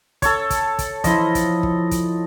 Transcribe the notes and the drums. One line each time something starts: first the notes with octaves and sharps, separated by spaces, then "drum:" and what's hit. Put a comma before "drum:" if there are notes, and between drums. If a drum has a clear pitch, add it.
A4 C#5, drum: kick, hi-hat
drum: kick, hi-hat
drum: kick, hi-hat
F3 E4 D#5, drum: kick, hi-hat
drum: kick, hi-hat
drum: kick
drum: kick, hi-hat